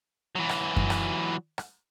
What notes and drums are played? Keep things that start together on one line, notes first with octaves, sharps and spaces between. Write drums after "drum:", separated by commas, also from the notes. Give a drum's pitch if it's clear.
E3 F#3
drum: rim click
drum: kick F#2
drum: rim click
drum: rim click